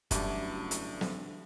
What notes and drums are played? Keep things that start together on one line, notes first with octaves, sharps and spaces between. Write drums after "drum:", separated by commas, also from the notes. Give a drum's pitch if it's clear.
A1 G2 D3 E3 F#3 G4 D5 A5, drum: kick, hi-hat
drum: hi-hat
drum: snare